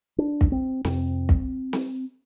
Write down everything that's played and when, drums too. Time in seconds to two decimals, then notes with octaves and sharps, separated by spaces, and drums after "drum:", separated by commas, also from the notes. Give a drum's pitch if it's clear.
0.18 D4
0.41 drum: kick
0.52 C4
0.85 F2 C3 C4, drum: snare
1.29 drum: kick
1.73 drum: snare